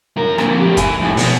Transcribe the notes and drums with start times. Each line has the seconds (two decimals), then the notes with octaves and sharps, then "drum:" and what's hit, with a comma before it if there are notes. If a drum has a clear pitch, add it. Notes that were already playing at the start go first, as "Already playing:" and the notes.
0.17 F#2 A#4
0.38 F2 A#2, drum: rim click
0.61 A2 G4
0.77 E5 G#5, drum: kick, hi-hat
1.01 F2 A2
1.17 B2, drum: open hi-hat